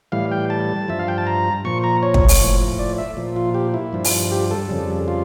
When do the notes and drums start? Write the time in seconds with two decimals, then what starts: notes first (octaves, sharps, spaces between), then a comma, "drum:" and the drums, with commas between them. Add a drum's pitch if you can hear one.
0.12 A2 E3 G3 F5
0.31 G5
0.50 A5
0.88 G2 F3 E5
0.99 F5
1.08 G5
1.18 A5
1.27 A#5
1.65 A#2 F3 C#6
1.84 A#5
2.03 C#5
2.14 drum: kick
2.28 drum: open hi-hat
2.41 A2 F3
2.79 D5
2.98 E5
3.17 A#2 F3
3.36 F4
3.54 G4
3.74 E4
3.93 G2 F3
4.04 drum: open hi-hat
4.32 G4
4.51 A4
4.69 F2 C#3 G3
5.08 F4